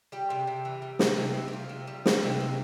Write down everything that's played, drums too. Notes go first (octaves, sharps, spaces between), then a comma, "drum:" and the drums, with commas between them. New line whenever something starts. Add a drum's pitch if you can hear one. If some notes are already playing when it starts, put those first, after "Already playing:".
G3 G4
C3
C3
E3
G3
C3, drum: snare
C3
E3
G4
C3 F4
C3
G3
G3, drum: snare
C3
C3